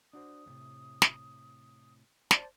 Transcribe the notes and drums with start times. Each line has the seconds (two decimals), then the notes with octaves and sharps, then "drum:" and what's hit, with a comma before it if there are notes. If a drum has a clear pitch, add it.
0.13 D4 F#4 C5 D#6
0.46 E2 A2 C3
1.02 drum: snare
2.31 C5 D5 A5, drum: snare